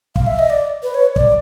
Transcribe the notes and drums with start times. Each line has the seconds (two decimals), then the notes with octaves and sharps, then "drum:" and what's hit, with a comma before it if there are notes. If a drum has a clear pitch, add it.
0.16 F5, drum: kick
0.27 E5
0.39 D#5
0.50 D5
0.83 B4
0.94 C#5
1.16 D5, drum: kick